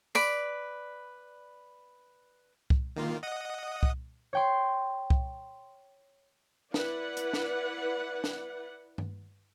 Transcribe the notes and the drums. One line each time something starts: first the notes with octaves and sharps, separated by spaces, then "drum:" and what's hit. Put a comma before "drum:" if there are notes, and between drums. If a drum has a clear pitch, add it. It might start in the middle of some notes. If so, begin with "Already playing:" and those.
B4 D5 B5, drum: tambourine
drum: kick C2
D#3 A#3 F4
D#5 F#5 D#6
drum: kick C2
C#5 G5 C6
drum: kick C2
E4 B4 D5 F#5, drum: snare
drum: hi-hat
drum: snare
drum: snare
drum: tom G2